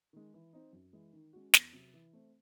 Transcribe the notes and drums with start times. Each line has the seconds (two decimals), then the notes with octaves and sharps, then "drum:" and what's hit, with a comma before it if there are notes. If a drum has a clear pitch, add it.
0.13 D#3 G#3
0.34 E3
0.53 C4 D#4
0.73 F#2
0.93 E3 G#3
1.13 D#3
1.33 G#3 C#4 F#4
1.54 E2, drum: snare
1.73 C3 F#3
1.94 E3
2.13 A3 C4